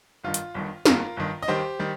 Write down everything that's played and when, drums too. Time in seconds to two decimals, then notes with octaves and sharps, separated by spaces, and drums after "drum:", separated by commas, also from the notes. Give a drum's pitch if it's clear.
0.23 G1 G2 D#3 F4
0.34 drum: hi-hat
0.54 G1 G2 D#3
0.85 G1 G2 D#3 F4 A#4, drum: snare
1.17 G1 G2 D#3
1.42 D#5
1.48 D#2 D#3 G3 G4 C5
1.79 D#3 G3